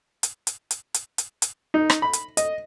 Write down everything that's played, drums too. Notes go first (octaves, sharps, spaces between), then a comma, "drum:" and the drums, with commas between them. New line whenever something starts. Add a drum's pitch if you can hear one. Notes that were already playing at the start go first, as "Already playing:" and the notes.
drum: hi-hat
drum: hi-hat
drum: hi-hat
drum: hi-hat
drum: hi-hat
drum: hi-hat
D#4
drum: rim click
B5
drum: hi-hat
D#5, drum: hi-hat